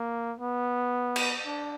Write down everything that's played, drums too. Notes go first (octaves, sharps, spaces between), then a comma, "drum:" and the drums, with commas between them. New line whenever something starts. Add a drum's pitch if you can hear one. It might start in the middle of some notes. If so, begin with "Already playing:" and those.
Already playing: A#3
B3
drum: cymbal
D4